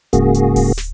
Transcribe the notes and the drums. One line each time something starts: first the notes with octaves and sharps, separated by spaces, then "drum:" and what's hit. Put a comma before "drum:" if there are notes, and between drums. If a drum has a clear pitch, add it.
G#2 C#3 A#3 F#4 G#4, drum: kick D1, hi-hat
drum: hi-hat
drum: kick D1, open hi-hat
drum: snare